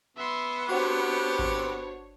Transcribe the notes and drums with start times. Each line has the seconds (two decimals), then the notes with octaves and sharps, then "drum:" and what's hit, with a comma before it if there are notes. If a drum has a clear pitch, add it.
0.17 B3 E5 C6
0.69 C4 D4 F#4 G4 C5 C#5 F#5
1.39 drum: kick G#1